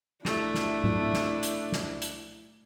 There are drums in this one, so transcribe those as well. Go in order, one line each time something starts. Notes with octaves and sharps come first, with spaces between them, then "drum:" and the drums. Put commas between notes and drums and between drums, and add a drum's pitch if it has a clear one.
A3 D4 E4, drum: snare
drum: snare
drum: tom A2
drum: snare
drum: hi-hat
drum: snare
drum: hi-hat